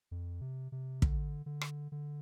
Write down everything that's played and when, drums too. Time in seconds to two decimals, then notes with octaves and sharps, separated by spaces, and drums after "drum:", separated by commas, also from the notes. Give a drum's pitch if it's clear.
0.11 F2
0.41 C3
0.72 C3
1.02 D3, drum: kick
1.46 D3
1.61 drum: rim click
1.92 D3